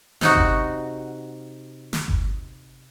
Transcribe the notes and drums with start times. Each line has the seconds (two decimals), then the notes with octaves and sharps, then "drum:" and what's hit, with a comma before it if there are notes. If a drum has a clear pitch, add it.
0.21 C3 D#4 F#4, drum: snare
0.35 drum: kick G1
1.93 drum: snare
2.08 drum: kick G1